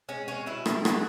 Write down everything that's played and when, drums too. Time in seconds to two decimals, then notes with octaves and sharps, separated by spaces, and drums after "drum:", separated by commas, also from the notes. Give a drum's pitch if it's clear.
0.09 G#3 C#4
0.28 C#4
0.46 B2 E4
0.66 drum: rim click
0.85 G#3 F#4, drum: rim click